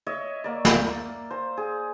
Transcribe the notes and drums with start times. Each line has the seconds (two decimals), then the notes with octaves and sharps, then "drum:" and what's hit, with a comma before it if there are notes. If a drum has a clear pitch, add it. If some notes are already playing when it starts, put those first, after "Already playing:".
0.07 C#5 D#5 E5
0.44 A#3 D5
0.65 drum: snare
1.30 C5 A#5
1.57 G#4